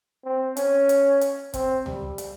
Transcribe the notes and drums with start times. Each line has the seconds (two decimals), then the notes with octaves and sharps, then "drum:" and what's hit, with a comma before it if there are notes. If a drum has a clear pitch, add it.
0.25 C4
0.57 C#4, drum: hi-hat
0.89 drum: hi-hat
1.21 drum: hi-hat
1.54 C4, drum: kick, hi-hat
1.86 G3, drum: tom C#2
2.18 drum: hi-hat